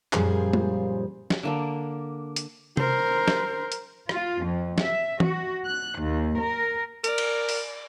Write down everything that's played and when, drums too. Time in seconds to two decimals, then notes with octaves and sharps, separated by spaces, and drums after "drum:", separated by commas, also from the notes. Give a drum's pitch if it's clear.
0.13 F#2 A#2 F3 G3 G#4 C5, drum: clap
0.53 drum: tom G#3
1.30 drum: snare
1.43 D3 A#3 D4
2.36 drum: hi-hat
2.77 A#4 C5, drum: tom C3
3.28 drum: snare
3.72 drum: hi-hat
4.09 F4, drum: rim click
4.42 F2
4.78 E5, drum: snare
5.20 F#4, drum: tom E3
5.66 F#6
5.98 D#2
6.38 A#4
7.04 A#4 D5, drum: hi-hat
7.18 drum: cymbal
7.49 drum: open hi-hat